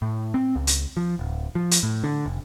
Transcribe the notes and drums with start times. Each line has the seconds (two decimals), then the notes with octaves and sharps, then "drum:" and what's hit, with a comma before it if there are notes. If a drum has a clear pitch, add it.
0.02 A2
0.34 C4
0.56 C#2
0.67 drum: hi-hat
0.97 F3
1.19 D1
1.55 F3
1.71 drum: hi-hat
1.83 A2
2.04 D3
2.26 F1